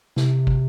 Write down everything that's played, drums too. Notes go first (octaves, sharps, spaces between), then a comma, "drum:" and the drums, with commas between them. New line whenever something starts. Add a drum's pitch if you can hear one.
C3, drum: snare
drum: kick